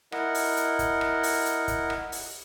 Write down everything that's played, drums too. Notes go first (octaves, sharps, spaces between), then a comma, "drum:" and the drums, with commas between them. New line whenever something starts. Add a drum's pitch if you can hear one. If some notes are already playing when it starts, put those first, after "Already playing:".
E4 A#4 D#5 F#5, drum: rim click
drum: open hi-hat
drum: hi-hat
drum: kick, hi-hat
drum: rim click
drum: open hi-hat
drum: hi-hat
drum: kick, hi-hat
drum: rim click
drum: open hi-hat